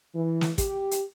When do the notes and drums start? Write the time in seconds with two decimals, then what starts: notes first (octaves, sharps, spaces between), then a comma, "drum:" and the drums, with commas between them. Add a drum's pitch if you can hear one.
0.15 E3
0.41 drum: snare
0.58 G4, drum: kick, hi-hat
0.91 drum: hi-hat